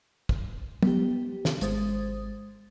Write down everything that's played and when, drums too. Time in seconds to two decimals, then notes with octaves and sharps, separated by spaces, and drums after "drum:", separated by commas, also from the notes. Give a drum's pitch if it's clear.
0.29 drum: kick
0.83 B3 G4, drum: tom
1.45 drum: snare
1.61 G#1 G#3 C5 D#6 A6, drum: hi-hat